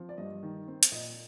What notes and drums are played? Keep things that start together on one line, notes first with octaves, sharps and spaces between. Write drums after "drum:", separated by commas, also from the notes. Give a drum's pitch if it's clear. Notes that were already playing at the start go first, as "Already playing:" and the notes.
Already playing: F3 C4
D5
G2 D#5
D#3
C4
drum: hi-hat
A#2 D#5